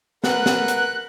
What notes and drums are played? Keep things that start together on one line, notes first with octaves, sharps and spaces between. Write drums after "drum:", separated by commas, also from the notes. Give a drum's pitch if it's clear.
A#4 B4 F#5 F#6, drum: snare
drum: snare
drum: hi-hat